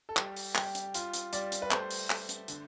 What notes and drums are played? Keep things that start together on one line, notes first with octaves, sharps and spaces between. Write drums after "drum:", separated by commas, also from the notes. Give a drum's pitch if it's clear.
A4
G3 G4, drum: clap
drum: open hi-hat
G3 G4, drum: clap
drum: hi-hat
G3 F4, drum: hi-hat
drum: hi-hat
G3 D5, drum: hi-hat
drum: hi-hat
B4
A3 C5, drum: clap
drum: open hi-hat
A3, drum: clap
drum: hi-hat
D3, drum: hi-hat